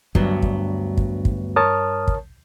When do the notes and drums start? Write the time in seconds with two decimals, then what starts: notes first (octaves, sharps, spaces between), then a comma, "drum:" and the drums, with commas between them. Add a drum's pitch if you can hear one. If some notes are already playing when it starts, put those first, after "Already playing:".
0.15 D2 G2 F#3 B3, drum: kick
0.42 drum: kick
0.97 drum: kick
1.25 drum: kick
1.56 A#4 C#5 A5 D#6 F6
2.08 drum: kick